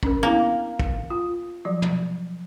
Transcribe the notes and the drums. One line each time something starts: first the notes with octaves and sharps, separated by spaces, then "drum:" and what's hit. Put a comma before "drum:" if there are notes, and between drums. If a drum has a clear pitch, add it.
C#4 D4 A#4, drum: kick
A#3 B3 E4
drum: kick
F4
F3 F#3 D5
drum: tom